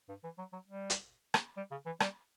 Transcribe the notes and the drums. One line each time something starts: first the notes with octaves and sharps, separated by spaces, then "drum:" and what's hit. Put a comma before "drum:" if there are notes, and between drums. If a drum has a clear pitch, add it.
G2
E3
F#3
F#3
G3
drum: hi-hat
drum: rim click
G3
C#3
E3
G3, drum: rim click